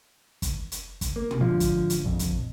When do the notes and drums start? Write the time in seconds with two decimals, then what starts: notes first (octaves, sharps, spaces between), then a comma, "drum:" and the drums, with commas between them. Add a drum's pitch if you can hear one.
0.42 drum: kick F#1, hi-hat
0.72 drum: hi-hat
1.01 drum: kick F#1, hi-hat
1.16 A#3
1.31 drum: tom
1.40 G#2 D3 F3
1.60 drum: kick F#1, hi-hat
1.90 drum: hi-hat
2.04 A#1 F2
2.19 drum: kick F#1, hi-hat